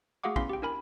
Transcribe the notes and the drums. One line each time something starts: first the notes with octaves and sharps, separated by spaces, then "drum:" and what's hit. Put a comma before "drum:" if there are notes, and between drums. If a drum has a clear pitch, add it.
A3 F#4 G#4 F5 F#5 D6
B3 C#4 E4 F5 C6 B6, drum: kick
G4 G5
D4 E4 A#4 G#5 B5